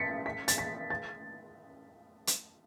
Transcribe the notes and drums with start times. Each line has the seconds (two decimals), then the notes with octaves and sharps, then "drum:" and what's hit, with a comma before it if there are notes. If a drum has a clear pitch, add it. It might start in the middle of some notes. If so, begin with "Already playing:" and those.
Already playing: A6 B6 C#7
0.26 B6
0.48 A6, drum: hi-hat
0.58 B6
0.90 A6
2.27 drum: hi-hat